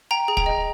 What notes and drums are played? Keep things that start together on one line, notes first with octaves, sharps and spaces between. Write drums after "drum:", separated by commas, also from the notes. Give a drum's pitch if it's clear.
G5 A#5
G#4
G5 A#5, drum: kick
D#5